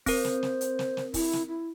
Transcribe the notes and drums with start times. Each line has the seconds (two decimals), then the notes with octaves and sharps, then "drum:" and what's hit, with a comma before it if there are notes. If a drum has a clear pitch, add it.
0.06 C4 A#4 C5, drum: kick, open hi-hat
0.24 drum: snare
0.43 drum: snare
0.61 drum: hi-hat
0.79 drum: snare
0.97 drum: snare
1.14 E4, drum: kick, open hi-hat
1.33 drum: snare
1.48 E4